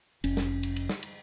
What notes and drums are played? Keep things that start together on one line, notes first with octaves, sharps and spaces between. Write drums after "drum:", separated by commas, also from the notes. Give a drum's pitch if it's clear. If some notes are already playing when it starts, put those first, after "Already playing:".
F1 C#4, drum: cymbal
drum: snare
drum: cymbal
drum: cymbal
drum: snare
drum: cymbal